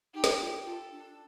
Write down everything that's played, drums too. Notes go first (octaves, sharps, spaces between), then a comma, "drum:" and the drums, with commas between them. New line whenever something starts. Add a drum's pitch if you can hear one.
D#4 G4
drum: snare
F4
F4 A4
D4